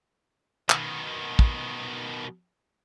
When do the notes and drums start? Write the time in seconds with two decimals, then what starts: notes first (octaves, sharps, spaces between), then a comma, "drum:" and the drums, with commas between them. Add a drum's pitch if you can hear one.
0.70 B2 D#3, drum: clap
1.39 drum: kick